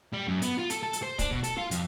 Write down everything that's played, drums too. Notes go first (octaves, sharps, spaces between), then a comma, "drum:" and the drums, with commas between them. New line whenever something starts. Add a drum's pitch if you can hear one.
G3
F#2
B3, drum: hi-hat
F4
A4, drum: hi-hat
A4
drum: hi-hat
C5
D4, drum: kick, hi-hat
B2
A4, drum: hi-hat
F4
F2, drum: hi-hat